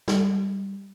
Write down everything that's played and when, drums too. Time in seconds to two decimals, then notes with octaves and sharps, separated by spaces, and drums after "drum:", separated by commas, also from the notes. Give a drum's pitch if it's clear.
0.08 G3, drum: snare